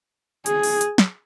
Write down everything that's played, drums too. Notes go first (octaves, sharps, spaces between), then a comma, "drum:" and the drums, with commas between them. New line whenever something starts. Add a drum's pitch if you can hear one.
G#4, drum: hi-hat
drum: open hi-hat
drum: hi-hat
drum: snare